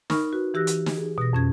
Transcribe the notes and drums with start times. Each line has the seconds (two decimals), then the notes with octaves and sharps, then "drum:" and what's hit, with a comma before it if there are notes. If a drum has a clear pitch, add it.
0.10 D#4 A#4 B5 C#6 F6, drum: snare
0.33 F#4 B4
0.54 E3 G4 E6 F#6 A#6
0.67 drum: hi-hat
0.86 drum: snare
0.98 G#4
1.18 B2 A#6
1.33 F2 C#4 G#6